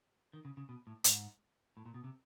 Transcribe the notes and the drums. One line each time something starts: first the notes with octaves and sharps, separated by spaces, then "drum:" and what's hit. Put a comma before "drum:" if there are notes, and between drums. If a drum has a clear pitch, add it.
D#3
C#3
C#3
B2
A2
G#2, drum: hi-hat
A2
A#2
B2
C3